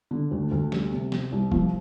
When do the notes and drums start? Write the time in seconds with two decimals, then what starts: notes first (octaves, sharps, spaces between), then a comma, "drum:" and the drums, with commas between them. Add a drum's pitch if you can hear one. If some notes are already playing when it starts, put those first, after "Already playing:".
0.11 D3
0.31 D2
0.51 D2
0.72 G3, drum: snare
0.92 C3
1.12 C4, drum: snare
1.32 C2
1.52 F3, drum: kick